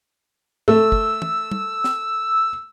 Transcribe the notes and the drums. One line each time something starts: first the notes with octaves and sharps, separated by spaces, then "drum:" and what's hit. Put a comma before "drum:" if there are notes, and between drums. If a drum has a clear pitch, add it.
A3 E6, drum: tom G#2
drum: kick
drum: tom
drum: tom
drum: snare